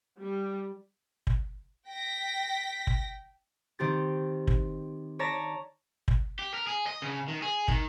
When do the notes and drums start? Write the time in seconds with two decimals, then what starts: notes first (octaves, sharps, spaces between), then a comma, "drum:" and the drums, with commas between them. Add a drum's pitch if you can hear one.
0.21 G3
1.27 drum: kick
1.88 G5 A#6 B6
2.87 drum: kick
3.79 D#3 C4 G4 A6
4.47 drum: kick
5.19 C#5 D5 A5 A#5 A#6 B6
6.08 drum: kick
6.39 G4
6.54 A#4
6.67 G#4
6.87 D#5
7.02 C#3
7.28 D#3
7.42 G#4
7.68 D#3, drum: kick